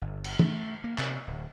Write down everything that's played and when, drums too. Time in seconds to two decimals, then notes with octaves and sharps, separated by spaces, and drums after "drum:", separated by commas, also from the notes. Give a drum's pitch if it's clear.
0.02 G1
0.24 drum: cymbal
0.39 A3, drum: tom
0.84 A#3
0.98 C3, drum: clap
1.27 D1